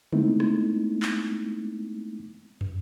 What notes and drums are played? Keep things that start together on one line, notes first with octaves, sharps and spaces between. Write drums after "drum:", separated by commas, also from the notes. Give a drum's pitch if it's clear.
G#3 A3 B3 C4 D#4 E4, drum: tom C#3
drum: rim click
drum: clap
drum: tom